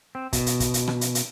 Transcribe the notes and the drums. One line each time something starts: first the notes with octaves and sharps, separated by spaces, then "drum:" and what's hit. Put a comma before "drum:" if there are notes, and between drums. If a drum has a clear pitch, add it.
C4
B2, drum: kick, hi-hat
drum: hi-hat
drum: kick, hi-hat
drum: hi-hat
drum: rim click
drum: hi-hat
drum: hi-hat